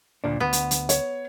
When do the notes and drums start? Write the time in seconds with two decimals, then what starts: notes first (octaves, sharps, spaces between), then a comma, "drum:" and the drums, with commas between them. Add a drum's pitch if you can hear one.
0.24 D2 A#2 D4
0.40 D2 B3
0.53 drum: hi-hat
0.71 drum: hi-hat
0.89 C#5, drum: hi-hat